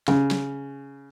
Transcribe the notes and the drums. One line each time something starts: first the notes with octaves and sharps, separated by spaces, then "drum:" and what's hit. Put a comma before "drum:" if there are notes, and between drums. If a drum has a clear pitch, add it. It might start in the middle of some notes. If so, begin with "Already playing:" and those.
C#3, drum: snare
drum: snare